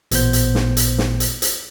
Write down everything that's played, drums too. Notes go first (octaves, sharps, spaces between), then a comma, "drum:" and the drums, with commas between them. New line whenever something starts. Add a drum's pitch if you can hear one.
A1 A#2 B3 C5 G6, drum: hi-hat
drum: hi-hat
drum: snare
drum: hi-hat
drum: snare
drum: hi-hat
drum: hi-hat